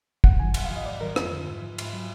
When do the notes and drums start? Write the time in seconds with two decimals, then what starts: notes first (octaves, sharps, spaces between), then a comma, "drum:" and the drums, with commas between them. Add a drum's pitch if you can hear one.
0.24 F#2 F#5, drum: kick
0.40 D#3 F#3 G#5
0.54 A#2 F#5, drum: cymbal
0.64 F5
0.70 F3
0.76 D#5
0.86 G#2 D5
1.01 D#3 F#3 A#4
1.16 F2 F4, drum: rim click
1.32 D3 F3
1.48 G#2
1.62 F3
1.78 G#2, drum: cymbal
1.93 F#3